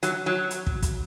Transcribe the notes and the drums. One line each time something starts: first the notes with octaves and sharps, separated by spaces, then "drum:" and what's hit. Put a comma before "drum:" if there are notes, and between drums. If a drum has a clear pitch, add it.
F#3, drum: hi-hat
F#3
drum: hi-hat
drum: kick
drum: kick, hi-hat